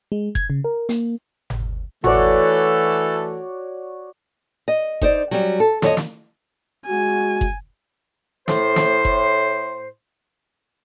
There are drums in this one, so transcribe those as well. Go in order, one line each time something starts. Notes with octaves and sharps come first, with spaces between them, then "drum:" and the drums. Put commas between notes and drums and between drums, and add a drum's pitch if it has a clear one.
G#3
G#6, drum: kick F#1
C#3
A#4
A#3, drum: hi-hat
drum: tom G1
E3 A3 F#4 A4 C#5 D5, drum: tom G1
D#5
D#4 C5 D5, drum: kick F#1
F#3 G3 C#4
A4
F2 C#5 D#5, drum: snare
drum: snare
G#3 F#4 G#5
drum: kick F#1
A2 C5, drum: snare
drum: snare
drum: kick F#1